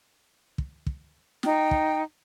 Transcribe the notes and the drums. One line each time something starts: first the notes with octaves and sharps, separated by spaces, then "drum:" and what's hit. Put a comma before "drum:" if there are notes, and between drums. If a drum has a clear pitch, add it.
drum: kick
drum: kick
D#4 G5, drum: snare
drum: kick